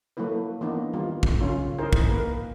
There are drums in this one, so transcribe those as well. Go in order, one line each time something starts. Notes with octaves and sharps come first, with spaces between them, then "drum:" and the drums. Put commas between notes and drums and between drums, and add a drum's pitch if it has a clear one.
F#3 A3 A#3 E4 B4
E3 A#3 B3 D4 D#4
D#3 E3 G3 F4
drum: kick
C#3 F#3 C#4 F4
D#4 E4 G#4 A#4 C5
drum: kick
A#3 A#4 B4